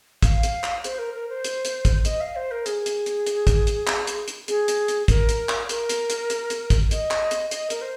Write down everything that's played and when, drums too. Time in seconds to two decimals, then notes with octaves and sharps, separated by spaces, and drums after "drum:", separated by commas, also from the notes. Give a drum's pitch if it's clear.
0.22 F5, drum: kick, hi-hat
0.43 drum: hi-hat
0.64 drum: clap
0.84 C5, drum: hi-hat
0.99 A#4
1.14 A#4
1.29 C5
1.44 drum: hi-hat
1.65 drum: hi-hat
1.85 drum: kick, hi-hat
2.05 D#5, drum: hi-hat
2.21 F5
2.35 C5
2.51 A#4
2.66 G#4, drum: hi-hat
2.86 drum: hi-hat
3.06 drum: hi-hat
3.26 drum: hi-hat
3.47 drum: kick, hi-hat
3.67 drum: hi-hat
3.87 drum: clap
4.07 drum: hi-hat
4.28 drum: hi-hat
4.48 G#4, drum: hi-hat
4.68 drum: hi-hat
4.88 drum: hi-hat
5.08 A#4, drum: kick, hi-hat
5.29 drum: hi-hat
5.49 drum: clap
5.69 A#4, drum: hi-hat
5.89 drum: hi-hat
6.10 drum: hi-hat
6.30 drum: hi-hat
6.50 drum: hi-hat
6.70 drum: kick, hi-hat
6.91 D#5, drum: hi-hat
7.11 drum: clap
7.31 drum: hi-hat
7.51 D#5, drum: hi-hat
7.70 A#4, drum: hi-hat
7.81 C5